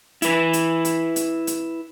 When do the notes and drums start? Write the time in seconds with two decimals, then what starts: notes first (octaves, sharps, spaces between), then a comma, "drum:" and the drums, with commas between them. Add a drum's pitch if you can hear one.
0.22 E4 B4, drum: hi-hat
0.53 drum: hi-hat
0.85 drum: hi-hat
1.16 drum: hi-hat
1.47 drum: hi-hat